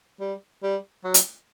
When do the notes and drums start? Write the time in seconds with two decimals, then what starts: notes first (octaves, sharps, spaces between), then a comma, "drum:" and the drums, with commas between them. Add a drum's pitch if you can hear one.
0.21 G3
0.63 G3
1.05 F#3
1.14 drum: hi-hat